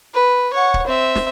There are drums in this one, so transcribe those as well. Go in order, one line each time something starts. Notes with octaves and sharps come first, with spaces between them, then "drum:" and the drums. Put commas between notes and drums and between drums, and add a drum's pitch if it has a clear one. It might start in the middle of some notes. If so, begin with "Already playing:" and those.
B4
C#5 F#5
drum: kick
C4 E5
drum: snare